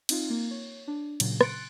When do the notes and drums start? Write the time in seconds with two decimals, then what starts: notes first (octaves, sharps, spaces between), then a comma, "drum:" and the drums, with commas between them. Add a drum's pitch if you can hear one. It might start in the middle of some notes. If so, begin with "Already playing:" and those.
0.09 C4 D#4 F4, drum: cymbal
0.30 A#3
0.51 C#5
0.88 D4
1.20 A#2 C#3 F#3, drum: cymbal
1.41 C6 F#6 A6 C#7 D7, drum: rim click